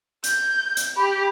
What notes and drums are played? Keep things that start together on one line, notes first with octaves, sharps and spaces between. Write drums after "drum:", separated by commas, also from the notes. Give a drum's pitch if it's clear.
G6, drum: hi-hat
drum: hi-hat
G4 B5